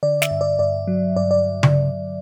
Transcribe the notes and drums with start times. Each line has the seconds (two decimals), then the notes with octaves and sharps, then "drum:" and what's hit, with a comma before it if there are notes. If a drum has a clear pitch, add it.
0.03 D3 D5
0.22 E5, drum: snare
0.31 G2
0.41 D5
0.59 G2 D5
0.87 F#3
1.16 G2 D5
1.31 D5
1.63 drum: tom C#3